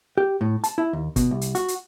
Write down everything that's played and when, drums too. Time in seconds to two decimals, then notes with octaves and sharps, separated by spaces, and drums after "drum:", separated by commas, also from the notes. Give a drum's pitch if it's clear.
0.18 G4
0.41 A2
0.64 A5, drum: hi-hat
0.78 E4
0.93 D#2
1.16 B2, drum: kick, hi-hat
1.31 C2
1.41 drum: hi-hat
1.55 F#4, drum: hi-hat
1.68 drum: hi-hat